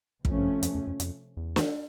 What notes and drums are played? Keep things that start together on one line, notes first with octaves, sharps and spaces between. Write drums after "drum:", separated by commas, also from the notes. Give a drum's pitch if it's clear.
F2 C3 F3 A3 C#4, drum: kick
G2
F#2
F2, drum: hi-hat
E2
F2
F2, drum: hi-hat
E2
drum: snare